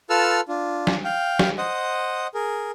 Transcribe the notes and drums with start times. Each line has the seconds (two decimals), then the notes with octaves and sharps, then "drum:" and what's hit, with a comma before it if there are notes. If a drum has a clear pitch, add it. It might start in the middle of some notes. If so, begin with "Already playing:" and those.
0.10 F4 A4 B4 A5 E6 F6
0.48 D4 F4
0.87 drum: snare
1.05 F5 G5
1.39 drum: snare
1.58 C5 D#5 F#5 D#6
2.34 G#4 A#4